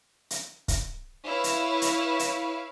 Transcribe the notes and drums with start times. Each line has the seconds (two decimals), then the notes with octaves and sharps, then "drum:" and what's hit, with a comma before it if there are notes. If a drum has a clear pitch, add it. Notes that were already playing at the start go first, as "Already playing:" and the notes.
0.30 drum: hi-hat
0.68 drum: kick, hi-hat
1.25 E4 B4 C#5 F5
1.44 drum: hi-hat
1.82 drum: hi-hat
2.19 drum: hi-hat